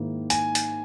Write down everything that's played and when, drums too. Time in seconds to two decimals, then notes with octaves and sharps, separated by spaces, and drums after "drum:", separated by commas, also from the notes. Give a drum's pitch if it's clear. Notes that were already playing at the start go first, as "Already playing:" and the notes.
Already playing: G#2 D#3 A#3 E4
0.30 G#5, drum: hi-hat
0.55 drum: hi-hat